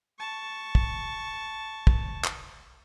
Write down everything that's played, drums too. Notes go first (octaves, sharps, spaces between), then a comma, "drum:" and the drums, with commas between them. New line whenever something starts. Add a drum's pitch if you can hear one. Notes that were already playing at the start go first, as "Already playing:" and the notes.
A5 C#6
drum: kick
drum: kick
drum: clap